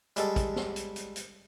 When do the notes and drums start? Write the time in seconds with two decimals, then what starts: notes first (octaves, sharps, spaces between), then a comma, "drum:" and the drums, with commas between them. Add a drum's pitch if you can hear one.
0.16 G3 G#3 A4, drum: hi-hat
0.36 drum: kick, hi-hat
0.56 drum: snare
0.76 drum: hi-hat
0.96 drum: hi-hat
1.16 drum: hi-hat